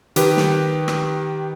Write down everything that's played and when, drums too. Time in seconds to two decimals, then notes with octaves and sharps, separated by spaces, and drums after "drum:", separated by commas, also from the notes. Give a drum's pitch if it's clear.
0.16 D#3 G4 B4, drum: hi-hat
0.37 drum: snare
0.88 drum: rim click